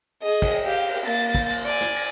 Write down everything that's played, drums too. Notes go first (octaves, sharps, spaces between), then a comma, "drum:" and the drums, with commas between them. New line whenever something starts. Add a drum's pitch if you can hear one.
G#4 D#5
drum: kick, cymbal
G4 F5
drum: cymbal
A#3 A6
drum: kick, cymbal
drum: cymbal
D5 G#5
drum: snare
drum: cymbal